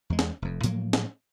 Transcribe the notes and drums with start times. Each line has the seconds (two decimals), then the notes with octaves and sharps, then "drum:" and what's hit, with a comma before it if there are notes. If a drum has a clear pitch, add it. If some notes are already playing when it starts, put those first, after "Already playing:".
0.10 E2 G#3
0.19 drum: snare
0.42 F1 F2
0.64 A2 F3 F#3 A#3, drum: hi-hat
0.93 drum: snare